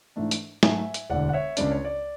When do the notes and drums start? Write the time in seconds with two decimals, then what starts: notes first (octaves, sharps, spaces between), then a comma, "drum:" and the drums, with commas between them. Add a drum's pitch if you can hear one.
0.16 G#2 E3 A3 D4
0.31 drum: hi-hat
0.63 G#2 F#3 A3 E5 G#5, drum: snare
0.94 drum: hi-hat
1.10 E1 D2 D3 D5 F#5
1.29 F#5
1.33 C#5 E5
1.57 C#2 C#3 G#3 D4 D5, drum: hi-hat
1.71 C#5
1.85 D5